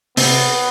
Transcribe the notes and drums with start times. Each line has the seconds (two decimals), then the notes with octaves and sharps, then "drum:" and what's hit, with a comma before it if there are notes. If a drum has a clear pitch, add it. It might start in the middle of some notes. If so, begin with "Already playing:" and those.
0.17 C3 B3 C4, drum: open hi-hat